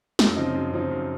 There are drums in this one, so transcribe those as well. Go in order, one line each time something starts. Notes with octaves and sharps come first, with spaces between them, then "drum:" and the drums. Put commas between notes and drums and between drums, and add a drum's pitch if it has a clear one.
F#2, drum: snare
C#3 F3 C4 D#4
F#2
C#3 F3 C4 D#4
F#2